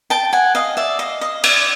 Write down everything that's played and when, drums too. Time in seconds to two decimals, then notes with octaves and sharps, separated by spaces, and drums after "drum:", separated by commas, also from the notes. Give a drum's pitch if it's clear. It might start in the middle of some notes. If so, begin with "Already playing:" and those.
0.10 G5 A5
0.33 F#5 G#5
0.55 D#5 F5
0.77 D5 E5
0.99 D#5 F5
1.21 D#5 F5
1.44 D5 E5, drum: cymbal